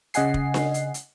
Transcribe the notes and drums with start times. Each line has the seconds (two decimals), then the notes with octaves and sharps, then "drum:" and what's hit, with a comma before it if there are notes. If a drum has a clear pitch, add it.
0.14 C#3 D#5 F#5 G#5 C7, drum: hi-hat
0.34 drum: kick
0.54 drum: snare D4
0.74 drum: hi-hat
0.94 drum: hi-hat